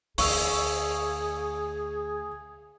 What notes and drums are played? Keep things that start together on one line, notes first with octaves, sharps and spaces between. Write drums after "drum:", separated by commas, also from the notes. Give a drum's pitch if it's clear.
D2 G#4 C#6 E6, drum: open hi-hat